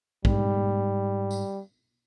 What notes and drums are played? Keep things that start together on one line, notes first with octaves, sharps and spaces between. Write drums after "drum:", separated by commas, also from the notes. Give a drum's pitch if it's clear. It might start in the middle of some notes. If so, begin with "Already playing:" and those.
G#2 G3, drum: kick
drum: tambourine